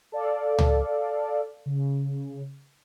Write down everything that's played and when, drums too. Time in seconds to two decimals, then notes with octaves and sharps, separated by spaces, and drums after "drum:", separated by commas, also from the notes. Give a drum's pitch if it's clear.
0.12 A4 D5 F5
0.59 drum: tom C#2
1.66 C#3